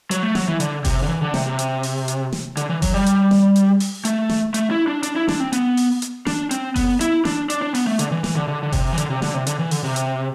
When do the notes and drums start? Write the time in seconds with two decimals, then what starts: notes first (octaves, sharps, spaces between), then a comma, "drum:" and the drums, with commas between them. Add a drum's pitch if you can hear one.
0.11 F#3, drum: hi-hat
0.23 A3
0.35 F#3, drum: snare
0.48 E3
0.60 D3, drum: hi-hat
0.85 C3, drum: kick F#1, open hi-hat
1.02 D3
1.09 E3
1.22 D3
1.34 C3, drum: snare
1.46 C3
1.59 drum: hi-hat
1.83 drum: open hi-hat
2.08 drum: hi-hat
2.32 drum: snare
2.57 D3, drum: hi-hat
2.69 E3
2.82 F#3, drum: kick F#1, open hi-hat
2.94 G3
3.06 drum: hi-hat
3.31 drum: snare
3.56 drum: hi-hat
3.80 drum: open hi-hat
4.05 A3, drum: hi-hat
4.30 drum: snare
4.54 A3, drum: hi-hat
4.71 E4
4.87 D4
5.03 D4, drum: hi-hat
5.16 E4
5.28 D4, drum: snare
5.40 C4
5.53 B3, drum: hi-hat
5.77 drum: open hi-hat
6.02 drum: hi-hat
6.27 D4, drum: snare
6.51 C4, drum: hi-hat
6.76 B3, drum: kick F#1, open hi-hat
7.01 E4, drum: hi-hat
7.25 D4, drum: snare
7.50 D4, drum: hi-hat
7.62 D4
7.75 B3, drum: open hi-hat
7.87 A3
7.99 D3, drum: hi-hat
8.12 E3
8.24 E3, drum: snare
8.36 D3
8.48 D3
8.63 D3
8.72 C3, drum: kick F#1, open hi-hat
8.93 E3
8.98 D3, drum: hi-hat
9.10 C3
9.22 D3, drum: snare
9.34 C3
9.47 D3, drum: hi-hat
9.59 E3
9.71 D3, drum: open hi-hat
9.83 C3
9.96 drum: hi-hat